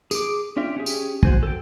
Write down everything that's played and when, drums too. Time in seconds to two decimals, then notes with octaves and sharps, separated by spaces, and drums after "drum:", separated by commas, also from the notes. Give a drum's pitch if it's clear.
0.11 G#4 D6, drum: tambourine
0.56 C#4 D4 F4 E5 G5
0.77 C#4 G4 G#4
0.86 drum: tambourine
1.23 F#4 C5 G#5, drum: kick
1.43 A4 G5